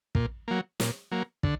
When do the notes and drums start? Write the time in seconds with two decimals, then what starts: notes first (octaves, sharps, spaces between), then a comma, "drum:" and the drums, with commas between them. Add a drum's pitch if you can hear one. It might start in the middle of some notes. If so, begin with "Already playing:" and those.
0.15 A#2, drum: kick
0.48 F#3 A#3
0.80 A#2, drum: snare
1.11 F#3 A#3
1.43 D3, drum: kick